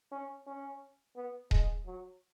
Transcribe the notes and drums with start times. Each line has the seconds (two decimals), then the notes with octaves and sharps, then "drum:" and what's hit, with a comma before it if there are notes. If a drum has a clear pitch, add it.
0.12 C#4
0.47 C#4
1.16 B3
1.51 G#3, drum: kick D#1
1.85 F#3